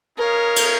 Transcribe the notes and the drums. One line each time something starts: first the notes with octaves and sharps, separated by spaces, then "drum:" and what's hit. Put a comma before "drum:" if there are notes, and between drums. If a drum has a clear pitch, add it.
D#4 G#4 A#4 C#5 F5
drum: cymbal